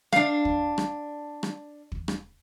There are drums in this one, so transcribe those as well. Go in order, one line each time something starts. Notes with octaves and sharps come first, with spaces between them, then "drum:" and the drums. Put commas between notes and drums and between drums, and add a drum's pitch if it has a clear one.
D4 F5, drum: rim click
drum: kick
drum: rim click
drum: rim click
drum: kick
drum: rim click